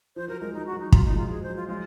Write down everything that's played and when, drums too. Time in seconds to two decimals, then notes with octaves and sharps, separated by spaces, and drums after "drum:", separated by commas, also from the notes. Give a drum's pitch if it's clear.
0.16 F3 C5
0.28 F#3 A#4
0.41 F3 G#3 A#4
0.54 F#3 D#4
0.66 F#4
0.73 F#3
0.80 D#4
0.92 F#3 F4, drum: kick
1.05 D#4
1.11 F3 G#3
1.18 F4
1.30 F#3 G#4
1.43 C5
1.49 F#3
1.56 F4
1.68 F3 G#3 F4